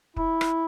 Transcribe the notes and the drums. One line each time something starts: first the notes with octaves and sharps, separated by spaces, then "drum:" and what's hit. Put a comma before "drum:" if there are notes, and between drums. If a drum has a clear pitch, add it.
E4, drum: kick
drum: rim click